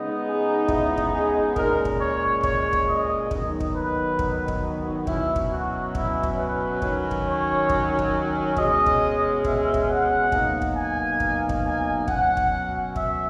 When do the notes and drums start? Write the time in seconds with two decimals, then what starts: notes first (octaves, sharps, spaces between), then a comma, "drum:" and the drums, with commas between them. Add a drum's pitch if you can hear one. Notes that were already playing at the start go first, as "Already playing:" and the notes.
Already playing: C#3 G#3 B3 D#4
0.24 G#4
0.68 E4, drum: kick
0.98 drum: kick
1.12 G#4
1.56 A#2 G#3 C#4 A#4, drum: kick
1.85 drum: kick
2.00 C#5
2.43 C#5, drum: kick
2.73 drum: kick
2.88 D#5
3.31 D#3 F#3 B3 D#4, drum: kick
3.61 drum: kick
3.75 B4
4.19 drum: kick
4.48 drum: kick
5.07 B2 F#3 C#4 E4, drum: kick
5.36 drum: kick
5.50 F#4
5.95 E4, drum: kick
6.23 drum: kick
6.37 B4
6.82 D#3 F#3 C#4, drum: kick
7.11 drum: kick
7.26 C#5
7.70 drum: kick
7.99 drum: kick
8.57 B2 G#3 C#4 D#5, drum: kick
8.86 drum: kick
9.45 E5, drum: kick
9.74 drum: kick
9.89 F#5
10.32 B2 F#3 A#3 D#4, drum: kick
10.62 drum: kick
10.76 G#5
11.20 drum: kick
11.49 drum: kick
11.65 G#5
12.08 B2 F#3 C#4 F#5, drum: kick
12.37 drum: kick
12.96 E5, drum: kick